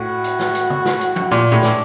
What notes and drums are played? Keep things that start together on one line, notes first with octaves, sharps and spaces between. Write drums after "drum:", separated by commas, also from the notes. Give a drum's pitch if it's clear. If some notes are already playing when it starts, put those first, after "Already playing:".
Already playing: A2 F#4
drum: hi-hat
drum: snare
drum: hi-hat
drum: tom
drum: snare
drum: hi-hat
drum: tom F3
A#2, drum: hi-hat
A2
D4, drum: snare